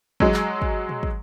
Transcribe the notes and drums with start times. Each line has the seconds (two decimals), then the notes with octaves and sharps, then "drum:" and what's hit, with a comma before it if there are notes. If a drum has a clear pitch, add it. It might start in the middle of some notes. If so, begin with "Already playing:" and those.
0.20 F#3 G#3, drum: kick
0.34 drum: clap
0.62 drum: kick
0.89 drum: tom
1.03 drum: kick